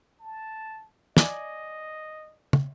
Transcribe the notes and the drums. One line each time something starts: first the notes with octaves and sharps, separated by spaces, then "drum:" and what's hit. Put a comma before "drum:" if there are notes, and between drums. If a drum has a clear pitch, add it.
A5
D5 D#5 G#5, drum: snare
drum: tom